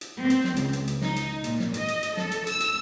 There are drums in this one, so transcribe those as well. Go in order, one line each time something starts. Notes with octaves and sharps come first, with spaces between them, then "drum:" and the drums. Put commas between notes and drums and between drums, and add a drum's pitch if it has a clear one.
drum: hi-hat
C4
drum: hi-hat
drum: snare
C#2, drum: hi-hat
drum: hi-hat
drum: hi-hat
D#4, drum: snare
drum: hi-hat
A#2, drum: hi-hat
drum: snare
D#5, drum: hi-hat
drum: hi-hat
drum: hi-hat
A4, drum: snare
drum: hi-hat
E6, drum: hi-hat
drum: hi-hat